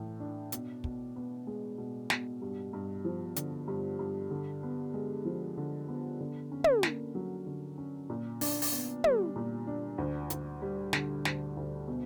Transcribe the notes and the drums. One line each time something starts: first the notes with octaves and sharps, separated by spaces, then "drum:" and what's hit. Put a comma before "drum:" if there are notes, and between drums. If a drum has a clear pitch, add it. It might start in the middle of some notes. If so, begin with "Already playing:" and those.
Already playing: A2 E3 A3
D4
B2, drum: hi-hat
B2, drum: kick
B3
G#3
B2
B2, drum: snare
G2
G2
F3
D3, drum: hi-hat
G2
G2
D3
B3
G#3
F3
D3
B3
D3
C#4
drum: tom
A#3, drum: snare
F#3
D3
C#4
A#2
D4, drum: open hi-hat
drum: open hi-hat
B3
G3, drum: tom
A#2
D4
D2
D2, drum: hi-hat
G3
D3, drum: snare
D2, drum: snare
D2
B2